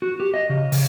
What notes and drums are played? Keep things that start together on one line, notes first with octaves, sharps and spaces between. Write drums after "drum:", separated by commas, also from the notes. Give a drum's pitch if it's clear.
F#4
G4
D#5
C#3
C#3, drum: open hi-hat